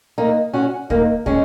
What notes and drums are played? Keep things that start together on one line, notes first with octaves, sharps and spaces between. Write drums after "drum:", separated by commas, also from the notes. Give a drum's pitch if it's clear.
A#3 D#4
C#4 F#4
A#3 D#4, drum: kick
G#3 C#4, drum: kick